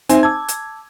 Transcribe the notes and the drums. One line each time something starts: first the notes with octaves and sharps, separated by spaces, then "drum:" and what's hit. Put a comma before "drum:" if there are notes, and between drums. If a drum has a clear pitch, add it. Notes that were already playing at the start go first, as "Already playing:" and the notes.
C4 D#4 C5 E5 G#5 C6, drum: hi-hat
A5 D6 E6 G#6
drum: hi-hat